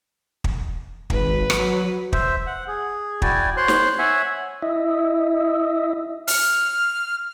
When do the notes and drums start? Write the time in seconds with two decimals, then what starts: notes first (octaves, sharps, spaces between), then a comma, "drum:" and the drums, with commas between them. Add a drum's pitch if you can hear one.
0.44 drum: kick
1.10 G#1 B4, drum: kick
1.50 F#3, drum: rim click
2.13 C5 E5, drum: kick
2.47 F#5
2.68 G#4
3.22 E4 F#4 D5 G5 G#5, drum: kick
3.57 C5 C#5 C6 F#6
3.68 drum: snare
3.99 C#5 E5 F#5 G#5
4.62 E4 D#5 E5
6.27 F6, drum: open hi-hat